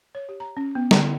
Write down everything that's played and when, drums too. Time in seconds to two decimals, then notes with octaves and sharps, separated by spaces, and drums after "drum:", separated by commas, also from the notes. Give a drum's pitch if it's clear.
0.15 C#5
0.29 G4
0.40 A#5
0.57 C#4
0.75 B3
0.91 D3, drum: snare
1.04 E4